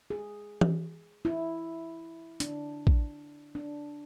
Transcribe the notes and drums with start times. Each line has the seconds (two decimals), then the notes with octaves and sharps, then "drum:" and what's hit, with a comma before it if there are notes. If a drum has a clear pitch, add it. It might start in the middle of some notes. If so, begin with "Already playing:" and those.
0.10 G#4
0.61 drum: tom E3
1.25 E4
2.40 D4, drum: hi-hat
2.87 drum: kick A1
3.55 D4